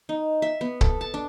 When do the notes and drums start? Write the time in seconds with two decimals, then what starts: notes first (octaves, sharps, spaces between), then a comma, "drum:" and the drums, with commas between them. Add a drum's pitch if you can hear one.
0.09 D#4
0.42 E5
0.61 B3
0.81 A4, drum: kick C#1
1.01 A5
1.14 D4